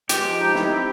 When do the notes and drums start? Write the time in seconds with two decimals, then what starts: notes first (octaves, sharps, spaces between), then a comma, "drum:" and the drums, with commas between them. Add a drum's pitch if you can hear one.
0.09 G#3 G4, drum: hi-hat
0.24 F3
0.40 D#4
0.55 E4, drum: snare
0.71 C4